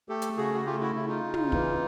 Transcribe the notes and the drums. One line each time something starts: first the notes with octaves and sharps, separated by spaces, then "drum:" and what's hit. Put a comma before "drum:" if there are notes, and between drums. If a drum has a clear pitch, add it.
A3 G4 A4
drum: hi-hat
C#3 F#4 G#4
F#4
A3 F4 G4
E4 F#4
C#3 E4
D#4 F4
C#3
drum: tom
E3, drum: kick